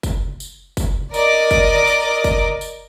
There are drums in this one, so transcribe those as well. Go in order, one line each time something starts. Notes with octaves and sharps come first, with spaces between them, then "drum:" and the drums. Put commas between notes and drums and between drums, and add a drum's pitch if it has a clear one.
drum: kick, tambourine
drum: tambourine
drum: kick, tambourine
A#4 D5 D#5 D6, drum: tambourine
drum: kick, tambourine
drum: tambourine
drum: kick, tambourine
drum: tambourine